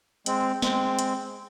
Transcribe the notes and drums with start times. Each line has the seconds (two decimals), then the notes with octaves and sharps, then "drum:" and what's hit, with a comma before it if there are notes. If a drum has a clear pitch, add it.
0.26 G#3 C4, drum: hi-hat
0.62 G#3 C4, drum: snare
0.99 drum: hi-hat